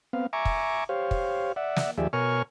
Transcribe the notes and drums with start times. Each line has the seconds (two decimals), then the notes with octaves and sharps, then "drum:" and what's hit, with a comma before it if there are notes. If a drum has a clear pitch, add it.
0.13 B3 C4 F5
0.33 E5 G#5 A#5 C#6 D6
0.45 drum: kick
0.89 G4 C5 C#5 F5
1.11 drum: kick
1.56 D5 E5 F#5
1.76 drum: snare
1.98 D#2 F3 G4 G#4 D5 E5
2.13 B2 A#4 C#5 G#5 C#6 F6